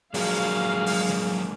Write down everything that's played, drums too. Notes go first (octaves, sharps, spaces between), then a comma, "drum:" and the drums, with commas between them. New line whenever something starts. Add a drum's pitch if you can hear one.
F3 F#3 G#3 A#3 D4 G#4 F5, drum: open hi-hat
drum: open hi-hat
drum: snare